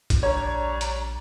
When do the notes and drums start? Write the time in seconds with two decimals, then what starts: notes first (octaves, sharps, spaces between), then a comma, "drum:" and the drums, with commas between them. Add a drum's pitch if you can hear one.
0.10 drum: kick, hi-hat
0.23 G3 D4 C#5 A#5
0.46 A#1
0.81 drum: hi-hat